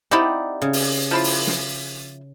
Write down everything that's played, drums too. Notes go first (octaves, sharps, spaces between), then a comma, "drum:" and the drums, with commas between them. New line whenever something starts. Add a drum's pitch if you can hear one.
C4 D#4 E4 G4 D5 F#5
C#3
drum: open hi-hat
F3 E4 F4
drum: open hi-hat
drum: snare